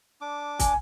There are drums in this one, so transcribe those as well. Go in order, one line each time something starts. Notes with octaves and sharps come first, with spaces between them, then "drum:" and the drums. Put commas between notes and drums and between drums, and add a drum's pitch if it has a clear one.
D4 D6
G#5, drum: kick, hi-hat